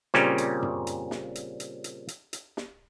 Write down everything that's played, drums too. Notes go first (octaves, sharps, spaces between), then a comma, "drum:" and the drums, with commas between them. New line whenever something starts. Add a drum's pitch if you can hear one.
A#2 C#3 G3 C4 C#4, drum: snare
drum: hi-hat
drum: tom F#2
drum: hi-hat
drum: snare
drum: hi-hat
drum: hi-hat
drum: hi-hat
drum: hi-hat
drum: hi-hat
drum: snare